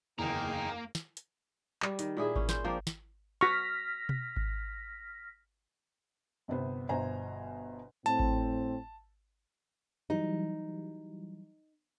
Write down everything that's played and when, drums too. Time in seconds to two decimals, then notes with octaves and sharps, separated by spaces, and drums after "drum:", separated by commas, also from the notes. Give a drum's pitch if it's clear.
0.19 F#1 E2 A#3 D#4 G#4 A#4 G5 A#5
0.95 drum: snare
1.17 drum: hi-hat
1.82 G3, drum: clap
1.99 D#3, drum: hi-hat
2.17 A#2 E4 G#4 E5
2.36 C#4, drum: kick G#1
2.49 C5, drum: snare
2.64 F3 A#3 C4 D4
2.87 drum: snare
3.41 F#4 C#6 F6 A#6 B6
4.09 drum: tom B2
4.36 drum: kick G#1
6.48 G1 C3 B3 C5
6.89 G1 B2 C5 G#5 A#5
8.06 A2 C4 A5, drum: hi-hat
8.19 drum: kick G#1
10.10 E3 F#3 G3 D#4